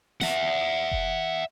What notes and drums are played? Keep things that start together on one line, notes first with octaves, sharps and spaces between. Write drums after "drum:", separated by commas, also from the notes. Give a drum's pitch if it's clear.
E5 F#5, drum: snare
drum: kick F1